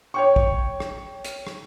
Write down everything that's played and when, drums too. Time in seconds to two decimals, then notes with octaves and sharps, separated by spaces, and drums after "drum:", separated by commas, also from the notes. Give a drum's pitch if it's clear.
0.14 C#5 G5 C#6
0.36 drum: kick A#1
0.80 drum: rim click
1.25 drum: hi-hat
1.47 drum: rim click